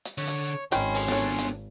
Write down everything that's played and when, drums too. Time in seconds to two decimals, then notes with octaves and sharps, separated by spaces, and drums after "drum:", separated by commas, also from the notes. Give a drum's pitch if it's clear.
0.05 drum: hi-hat
0.18 D3 C#5
0.28 drum: hi-hat
0.72 G#1 D#3 C#4 B4 D5 G5 B5 C6, drum: hi-hat
0.94 drum: open hi-hat
1.08 B3 D4 A4 C#5
1.39 drum: hi-hat